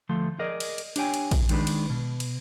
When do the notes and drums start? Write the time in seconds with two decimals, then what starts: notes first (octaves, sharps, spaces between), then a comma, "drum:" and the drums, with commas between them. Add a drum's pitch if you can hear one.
0.09 D2 F3 A3 C6
0.39 G#4 A#4 D5 D#5
0.60 drum: cymbal
0.78 drum: cymbal
0.96 D4 G4 C#5 G5 G#5, drum: cymbal
1.14 drum: cymbal
1.31 drum: kick A#1, cymbal
1.49 D#3 G#3 D4 B4, drum: cymbal
1.67 drum: cymbal
1.90 B2
2.20 drum: cymbal